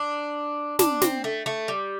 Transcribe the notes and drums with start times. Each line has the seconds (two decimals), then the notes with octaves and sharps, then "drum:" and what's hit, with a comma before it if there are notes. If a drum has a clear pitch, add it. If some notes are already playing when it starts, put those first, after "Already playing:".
Already playing: D4
0.79 D4, drum: snare
1.02 C4, drum: snare
1.24 A3
1.46 A3
1.68 G3